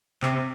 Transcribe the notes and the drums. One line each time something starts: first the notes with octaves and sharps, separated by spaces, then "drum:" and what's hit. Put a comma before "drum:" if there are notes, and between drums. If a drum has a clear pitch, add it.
C3, drum: clap